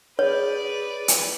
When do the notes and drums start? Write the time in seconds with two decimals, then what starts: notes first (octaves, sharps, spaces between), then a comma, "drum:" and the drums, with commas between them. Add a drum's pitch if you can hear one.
0.19 G#4 B4 C#5 D5
1.08 drum: hi-hat